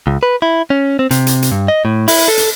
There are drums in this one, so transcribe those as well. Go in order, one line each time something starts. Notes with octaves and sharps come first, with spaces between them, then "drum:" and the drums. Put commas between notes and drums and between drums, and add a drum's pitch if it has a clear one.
C#2
B4
E4
C#4
C4
C3, drum: hi-hat
drum: hi-hat
drum: hi-hat
G2
D#5
A2
E4, drum: open hi-hat
A4
drum: hi-hat